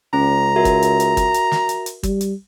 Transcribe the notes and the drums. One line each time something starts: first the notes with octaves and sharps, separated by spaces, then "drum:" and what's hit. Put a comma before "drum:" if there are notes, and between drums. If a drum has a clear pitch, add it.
C#2 C#4 A#5
F#4 A#4 E5
drum: kick, hi-hat
drum: hi-hat
drum: hi-hat
drum: kick, hi-hat
drum: hi-hat
drum: snare
drum: hi-hat
drum: hi-hat
G3, drum: kick, hi-hat
drum: hi-hat